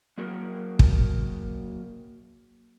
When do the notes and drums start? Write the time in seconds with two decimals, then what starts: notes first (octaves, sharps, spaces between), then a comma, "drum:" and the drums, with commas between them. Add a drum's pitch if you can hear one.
0.18 F#3 A#3 F#4 G#4 A#4
0.79 drum: kick